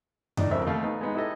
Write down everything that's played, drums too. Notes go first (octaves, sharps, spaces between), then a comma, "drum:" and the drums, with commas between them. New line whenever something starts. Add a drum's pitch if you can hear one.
A2 D4 D#4, drum: tom F2
A1 F2 F3 C4 A#4 E5
D#2 A3 F5
B3 D#4
G#3 B3 D#4
D#4 E4 G4 A4 B4 D#5